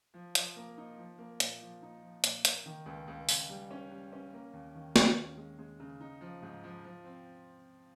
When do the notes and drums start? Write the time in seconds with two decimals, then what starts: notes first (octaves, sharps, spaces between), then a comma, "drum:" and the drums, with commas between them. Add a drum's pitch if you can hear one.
0.14 F3
0.35 F3, drum: hi-hat
0.56 A#3
0.78 D#4
0.98 F3
1.18 A#3
1.40 A#2, drum: hi-hat
1.61 F3
1.82 D#4
2.03 F3
2.24 A#2, drum: hi-hat
2.45 A#3, drum: hi-hat
2.66 D#3
2.86 C#2
3.08 C#2
3.29 C#2, drum: open hi-hat
3.49 G3
3.71 C#4
3.91 G3
4.12 C#4
4.33 A#3
4.53 D#2
4.75 D#3
4.96 D#2, drum: snare
5.17 C#4
5.37 G#3
5.59 G#3
5.80 C#3
6.01 D#4
6.21 F3
6.42 G#2
6.64 F3
6.85 F3
7.04 C4